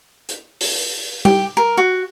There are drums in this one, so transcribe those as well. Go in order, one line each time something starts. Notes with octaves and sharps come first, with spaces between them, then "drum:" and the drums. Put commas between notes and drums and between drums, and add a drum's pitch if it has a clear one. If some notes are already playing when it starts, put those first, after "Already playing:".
drum: hi-hat
drum: open hi-hat
G4, drum: tom G3
A#4
F#4